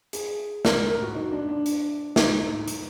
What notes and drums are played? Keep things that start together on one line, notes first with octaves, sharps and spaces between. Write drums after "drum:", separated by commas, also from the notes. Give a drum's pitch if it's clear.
G#4, drum: hi-hat
A#4, drum: snare
A#4
A#4
F#4
D#4
D4
D4
drum: hi-hat
D#4, drum: snare
drum: hi-hat